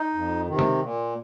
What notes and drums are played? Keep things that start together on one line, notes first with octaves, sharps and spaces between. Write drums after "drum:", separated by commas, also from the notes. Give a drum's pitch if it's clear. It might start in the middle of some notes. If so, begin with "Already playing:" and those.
Already playing: D#4
F2
C3 D#3
drum: tom C3
A#2